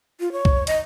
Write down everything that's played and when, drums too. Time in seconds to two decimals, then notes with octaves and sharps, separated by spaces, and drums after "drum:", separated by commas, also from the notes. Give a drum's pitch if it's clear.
0.20 F4
0.32 C#5
0.45 drum: kick
0.67 D#5, drum: hi-hat